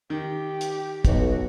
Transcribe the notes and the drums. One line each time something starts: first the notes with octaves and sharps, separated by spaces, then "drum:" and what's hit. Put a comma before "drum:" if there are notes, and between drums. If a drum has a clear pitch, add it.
D#3 G4
drum: hi-hat
B1 F#4, drum: kick, hi-hat